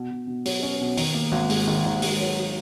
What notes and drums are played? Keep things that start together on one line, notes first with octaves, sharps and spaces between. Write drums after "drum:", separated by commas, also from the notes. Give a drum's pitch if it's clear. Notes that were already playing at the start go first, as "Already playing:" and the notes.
Already playing: B2
B2
B2
F#3, drum: open hi-hat
C#4
B2
D#3, drum: open hi-hat
A#3
G#1
G#2, drum: open hi-hat
D#3
D#3
G#2, drum: open hi-hat
F#3